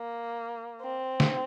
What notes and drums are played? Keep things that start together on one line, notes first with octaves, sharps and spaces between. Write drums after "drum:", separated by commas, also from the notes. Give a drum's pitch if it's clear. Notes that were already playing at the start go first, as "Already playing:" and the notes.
Already playing: A#3
C4
drum: snare